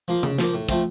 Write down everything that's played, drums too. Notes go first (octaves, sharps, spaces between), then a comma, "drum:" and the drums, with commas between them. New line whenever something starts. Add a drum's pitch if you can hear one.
F3 A#3
C#3, drum: tom C3
F3 A#3, drum: snare
A2
F3 A3 C4, drum: kick, hi-hat